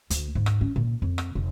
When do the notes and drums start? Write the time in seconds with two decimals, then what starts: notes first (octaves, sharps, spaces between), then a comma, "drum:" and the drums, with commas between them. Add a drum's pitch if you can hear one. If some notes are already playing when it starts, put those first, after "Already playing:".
0.10 D2, drum: hi-hat
0.35 G#2
0.46 drum: rim click
0.61 C#4
0.76 A#2
1.02 F2
1.18 drum: rim click
1.35 F1